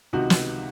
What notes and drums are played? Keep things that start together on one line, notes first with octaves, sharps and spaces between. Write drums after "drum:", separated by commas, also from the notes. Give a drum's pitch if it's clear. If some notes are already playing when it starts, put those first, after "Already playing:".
C#2 C3 D#3 D#4 F#4
drum: snare